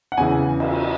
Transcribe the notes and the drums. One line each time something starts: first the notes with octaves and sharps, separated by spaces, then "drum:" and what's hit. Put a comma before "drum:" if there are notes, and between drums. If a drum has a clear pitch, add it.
F#5
E2 C#3 E3 G#5
drum: cymbal